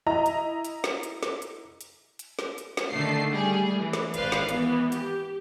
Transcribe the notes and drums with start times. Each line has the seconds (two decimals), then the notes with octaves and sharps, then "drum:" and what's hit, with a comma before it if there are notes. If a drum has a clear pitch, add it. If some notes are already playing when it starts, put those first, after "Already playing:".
0.06 E4 D#5 A#5
0.26 drum: hi-hat
0.65 drum: hi-hat
0.84 drum: snare
1.03 drum: hi-hat
1.23 drum: snare
1.42 drum: hi-hat
1.81 drum: hi-hat
2.19 drum: hi-hat
2.39 drum: snare
2.58 drum: hi-hat
2.77 drum: snare
2.91 D3 D#3 A3 A4 C7
3.31 G3 A3 G#4
3.77 E3
3.93 drum: snare
4.14 G#1 B4 C5 D5 F5, drum: hi-hat
4.32 drum: snare
4.49 E3 B3, drum: hi-hat
4.92 G4, drum: hi-hat